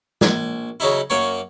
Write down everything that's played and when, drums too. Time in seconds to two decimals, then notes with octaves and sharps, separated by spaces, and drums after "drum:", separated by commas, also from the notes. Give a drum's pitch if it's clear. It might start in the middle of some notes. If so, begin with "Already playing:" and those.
0.21 A#1 G#5, drum: snare
0.80 C#3 F#3 D#4 E4
1.10 F#2 A#3 C#5